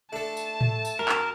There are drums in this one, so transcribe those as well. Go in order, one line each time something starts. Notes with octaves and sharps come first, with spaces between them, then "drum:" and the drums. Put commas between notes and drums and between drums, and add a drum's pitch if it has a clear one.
A3 D4 A4 A5
drum: tambourine
drum: tom A2
drum: tambourine
F#2 A#4
drum: clap